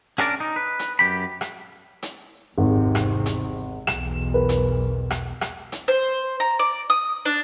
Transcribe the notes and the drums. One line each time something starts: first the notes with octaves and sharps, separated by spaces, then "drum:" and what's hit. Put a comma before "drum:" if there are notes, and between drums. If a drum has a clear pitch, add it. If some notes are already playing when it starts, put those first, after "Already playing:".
C#4 D4 A#4 D5, drum: rim click
D#4
B4
drum: hi-hat
F#2 G4 B5
drum: rim click
drum: hi-hat
G#1 E2 G#2 C3
drum: rim click
drum: hi-hat
B1 E2 E7, drum: rim click
A#4 B4
drum: hi-hat
drum: rim click
drum: rim click
drum: hi-hat
C5
A#5
D5
D#6
D4